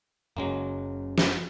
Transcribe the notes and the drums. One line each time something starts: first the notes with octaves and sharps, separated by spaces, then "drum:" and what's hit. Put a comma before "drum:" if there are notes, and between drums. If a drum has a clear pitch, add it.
F#1 C#3 F#3 G#3 A#3
drum: snare